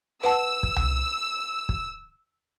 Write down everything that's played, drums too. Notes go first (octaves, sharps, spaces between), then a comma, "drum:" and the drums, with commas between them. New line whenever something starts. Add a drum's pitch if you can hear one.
B4 F#5 A5 E6
drum: kick
drum: tom C2
drum: kick